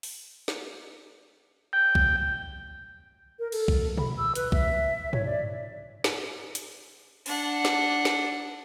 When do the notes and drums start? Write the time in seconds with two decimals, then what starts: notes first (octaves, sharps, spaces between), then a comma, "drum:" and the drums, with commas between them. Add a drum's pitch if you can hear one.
0.03 drum: open hi-hat
0.48 drum: snare
1.73 G5
1.95 drum: kick B1
3.39 A#4
3.52 A4, drum: cymbal
3.68 drum: kick B1
3.98 B5, drum: tom
4.17 E6
4.35 B4, drum: hi-hat
4.52 E5, drum: kick B1
5.13 C#5, drum: tom
5.25 D5
6.04 drum: snare
6.55 drum: hi-hat
7.26 D4 F#5, drum: open hi-hat
7.65 drum: snare
8.05 drum: snare